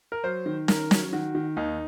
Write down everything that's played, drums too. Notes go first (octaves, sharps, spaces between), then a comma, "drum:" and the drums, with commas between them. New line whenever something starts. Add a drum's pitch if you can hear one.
A#4
F#3 C5
D#3
D#3 A#4, drum: snare
F#3, drum: snare
D#3 F#4
D#3
D#2 D#4